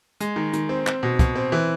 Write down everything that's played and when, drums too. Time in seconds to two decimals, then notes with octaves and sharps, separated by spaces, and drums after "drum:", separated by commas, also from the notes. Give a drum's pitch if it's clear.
0.20 G#3, drum: hi-hat
0.36 D#3
0.53 D#3, drum: hi-hat
0.69 C4
0.87 C4, drum: clap
1.03 B2
1.19 B2, drum: kick, hi-hat
1.36 C4
1.52 E3